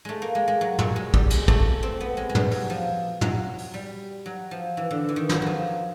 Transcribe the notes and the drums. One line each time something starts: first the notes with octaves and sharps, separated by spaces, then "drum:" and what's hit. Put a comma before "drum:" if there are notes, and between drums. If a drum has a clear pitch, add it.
G#3 A3
A#3
G#3
G#3
F#3
F#3, drum: tom
G#3
G3, drum: kick
G#3, drum: cymbal
A3, drum: kick
C4
B3
G#3
G#3
G3, drum: tom
F#3, drum: open hi-hat
F3
F#3, drum: tom
drum: open hi-hat
G3
F#3
F3
E3
D3
E3
D#3
F#3, drum: snare
F3 F#3